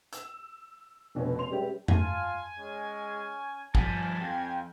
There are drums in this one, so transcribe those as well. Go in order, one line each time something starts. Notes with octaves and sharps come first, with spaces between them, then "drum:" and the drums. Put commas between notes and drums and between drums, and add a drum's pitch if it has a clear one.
E6, drum: hi-hat
F1 B2 D3 C#4 B4
C#4 C6 F7
G3 G#3 C#4 G4 B4 E5
F4 F5 G#5 A5, drum: tom F2
G#3 C#4
F3 G3 G#5 A5, drum: kick G#1
F2 G5